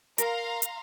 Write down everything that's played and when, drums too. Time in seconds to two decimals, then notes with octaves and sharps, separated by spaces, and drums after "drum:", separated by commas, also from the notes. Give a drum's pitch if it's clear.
0.18 A#4 F5 A#5 C6, drum: hi-hat
0.62 drum: hi-hat